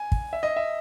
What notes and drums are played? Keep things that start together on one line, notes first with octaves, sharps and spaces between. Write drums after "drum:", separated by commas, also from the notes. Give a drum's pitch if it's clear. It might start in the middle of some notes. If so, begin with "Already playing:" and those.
Already playing: G#5
drum: kick
E5
D#5
E5